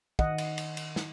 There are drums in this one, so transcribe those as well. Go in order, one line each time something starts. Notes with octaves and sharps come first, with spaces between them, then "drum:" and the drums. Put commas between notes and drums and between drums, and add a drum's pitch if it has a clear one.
D#3 D#5 F#5, drum: kick
drum: cymbal
drum: cymbal
drum: cymbal
drum: snare